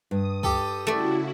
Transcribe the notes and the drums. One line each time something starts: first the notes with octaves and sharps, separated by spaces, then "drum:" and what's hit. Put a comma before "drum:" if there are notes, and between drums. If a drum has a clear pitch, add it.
G2 D#6
G4 A4, drum: kick C#2
C#3 A3 E4 F#4 D5